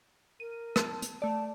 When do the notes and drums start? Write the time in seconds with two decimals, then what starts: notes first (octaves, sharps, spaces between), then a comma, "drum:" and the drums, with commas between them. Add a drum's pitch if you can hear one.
0.40 A#4 D#7
0.76 A5, drum: rim click
1.02 drum: hi-hat
1.22 A3 D5 A5